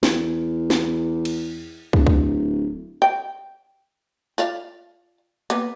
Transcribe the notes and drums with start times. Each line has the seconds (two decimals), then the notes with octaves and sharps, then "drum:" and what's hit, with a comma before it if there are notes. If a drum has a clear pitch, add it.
0.03 E2, drum: snare
0.70 drum: snare
1.25 drum: cymbal
1.93 D1, drum: kick
2.07 drum: kick
3.02 G5
4.38 F4 D5 F5, drum: tambourine
5.50 A#3 B3, drum: hi-hat